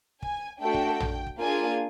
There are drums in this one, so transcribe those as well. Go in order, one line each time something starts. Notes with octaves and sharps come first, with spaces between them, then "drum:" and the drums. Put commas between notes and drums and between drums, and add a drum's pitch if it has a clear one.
G#5, drum: kick
A3 D4 F#4 A4 G5
drum: kick
drum: tom
drum: kick
A#3 D4 F4 G#4 G#5